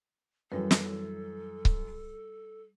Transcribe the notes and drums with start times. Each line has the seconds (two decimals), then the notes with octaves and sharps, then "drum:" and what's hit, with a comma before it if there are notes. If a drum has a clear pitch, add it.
0.52 F#2 E3 F#3 G3 A4 B4
0.71 drum: snare
1.65 drum: kick C#1